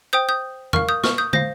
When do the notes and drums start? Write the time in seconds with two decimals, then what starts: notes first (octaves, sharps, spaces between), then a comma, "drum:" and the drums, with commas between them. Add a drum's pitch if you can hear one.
0.13 C5 G5 D#6 G6
0.29 D#6 G6
0.73 A#4 F5 C#6 F6, drum: tom E2
0.89 D#6 G6
1.04 C#6 F6, drum: snare
1.18 D#6 G6
1.33 C5 F5 G6 A#6, drum: tom